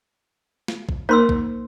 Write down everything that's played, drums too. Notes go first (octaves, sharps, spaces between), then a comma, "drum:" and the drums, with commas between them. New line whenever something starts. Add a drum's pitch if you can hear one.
drum: snare
drum: kick
A#3 D#4 A#4 C5 C6 E6
drum: kick